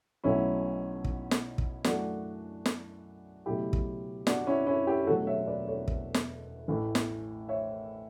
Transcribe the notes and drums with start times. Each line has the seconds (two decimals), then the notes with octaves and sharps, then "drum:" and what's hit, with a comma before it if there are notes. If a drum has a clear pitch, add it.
0.24 B1 B2 F#3 A3 C#4 E4
1.04 drum: kick
1.31 drum: snare
1.58 drum: kick
1.84 F#2 E3 A3 D4 F#4, drum: snare
2.66 drum: snare
3.46 C#2 B2 F#3 A3 E4 G4
3.73 drum: kick
4.27 D4 F#4, drum: snare
4.47 C#4 E4
4.67 C#4 E4
4.87 E4 G4
5.07 E1 E2 B2 F#3 A3 F#4 A4
5.27 C#5 E5
5.47 B4 D5
5.67 A4 C#5
5.88 drum: kick
6.14 drum: snare
6.68 A1 A2 E3 A3
6.95 drum: snare
7.49 C#5 E5